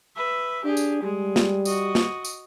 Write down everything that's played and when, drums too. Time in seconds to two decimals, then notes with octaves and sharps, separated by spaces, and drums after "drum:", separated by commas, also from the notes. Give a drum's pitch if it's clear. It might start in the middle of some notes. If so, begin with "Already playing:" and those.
0.16 B4 E5
0.65 D4 G4 G#4
0.77 drum: tambourine
1.03 G3 G#3
1.36 drum: snare
1.65 F#4 D#5, drum: tambourine
1.95 drum: snare
2.25 drum: tambourine